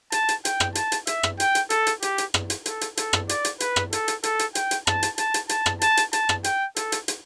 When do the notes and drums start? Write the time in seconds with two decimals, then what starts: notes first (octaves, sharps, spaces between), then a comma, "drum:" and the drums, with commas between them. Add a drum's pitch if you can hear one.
0.12 A5, drum: hi-hat
0.29 drum: hi-hat
0.45 G5, drum: hi-hat
0.60 drum: rim click
0.75 A5, drum: hi-hat
0.92 drum: hi-hat
1.07 E5, drum: hi-hat
1.23 drum: rim click
1.40 G5, drum: hi-hat
1.55 drum: hi-hat
1.70 A4, drum: hi-hat
1.87 drum: hi-hat
2.02 G4, drum: hi-hat
2.18 drum: hi-hat
2.34 drum: rim click
2.50 drum: hi-hat
2.66 A4, drum: hi-hat
2.81 drum: hi-hat
2.97 A4, drum: hi-hat
3.13 drum: rim click
3.29 D5, drum: hi-hat
3.45 drum: hi-hat
3.60 B4, drum: hi-hat
3.76 drum: rim click
3.93 A4, drum: hi-hat
4.08 drum: hi-hat
4.23 A4, drum: hi-hat
4.39 drum: hi-hat
4.55 G5, drum: hi-hat
4.71 drum: hi-hat
4.87 A5, drum: rim click
5.03 drum: hi-hat
5.18 A5, drum: hi-hat
5.34 drum: hi-hat
5.49 A5, drum: hi-hat
5.66 drum: rim click
5.81 A5, drum: hi-hat
5.97 drum: hi-hat
6.13 A5, drum: hi-hat
6.29 drum: rim click
6.44 G5, drum: hi-hat
6.76 A4, drum: hi-hat
6.92 drum: hi-hat
7.08 drum: hi-hat